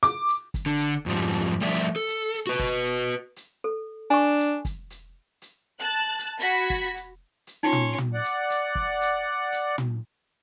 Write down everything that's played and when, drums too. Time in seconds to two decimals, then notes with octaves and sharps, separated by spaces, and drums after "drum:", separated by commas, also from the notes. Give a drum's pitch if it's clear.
0.03 D6, drum: hi-hat
0.28 drum: hi-hat
0.54 drum: kick, hi-hat
0.66 D3
0.80 drum: hi-hat
1.06 F2 G#2 F3 G3
1.31 drum: hi-hat
1.61 F3 G3 A3 D5 E5
1.96 A4
2.08 drum: hi-hat
2.34 drum: hi-hat
2.47 F#4 B4
2.59 drum: kick, hi-hat
2.85 drum: hi-hat
3.36 drum: hi-hat
3.64 A4
4.10 D4 G#5 C#6
4.39 drum: hi-hat
4.65 drum: kick, hi-hat
4.90 drum: hi-hat
5.42 drum: hi-hat
5.80 A5 F#6
6.19 drum: hi-hat
6.39 F#4 B5 G#6 B6
6.70 drum: kick
6.96 drum: hi-hat
7.47 drum: hi-hat
7.63 C#4 D#4 F4 C6
7.73 drum: tom
7.98 drum: tom
8.14 D5 F#5
8.24 drum: hi-hat
8.50 drum: hi-hat
8.75 drum: kick
9.01 drum: hi-hat
9.52 drum: hi-hat
9.78 drum: tom